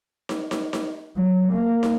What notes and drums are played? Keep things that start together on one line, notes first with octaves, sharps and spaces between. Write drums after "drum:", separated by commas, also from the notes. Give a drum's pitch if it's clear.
drum: snare
drum: snare
drum: snare
F#3
A#3
drum: snare